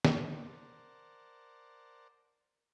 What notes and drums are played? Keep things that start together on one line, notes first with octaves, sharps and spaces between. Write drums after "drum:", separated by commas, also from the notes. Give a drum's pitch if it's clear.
drum: snare
A#4 C5 D5 F#5 A5